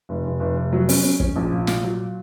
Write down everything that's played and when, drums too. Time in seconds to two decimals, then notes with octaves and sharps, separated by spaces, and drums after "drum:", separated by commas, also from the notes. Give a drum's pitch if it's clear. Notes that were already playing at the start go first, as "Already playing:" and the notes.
0.09 F1
0.25 F1
0.40 F1
0.56 F1
0.73 F#3
0.89 C#4, drum: open hi-hat
1.04 C#4
1.20 C#4, drum: kick
1.36 A#1
1.52 A#2
1.67 A#2, drum: snare
1.83 F#3